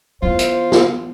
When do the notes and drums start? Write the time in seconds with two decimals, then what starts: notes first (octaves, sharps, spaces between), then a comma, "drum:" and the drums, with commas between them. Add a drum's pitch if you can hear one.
0.22 E3 B3 F4 C5
0.39 drum: hi-hat
0.72 drum: snare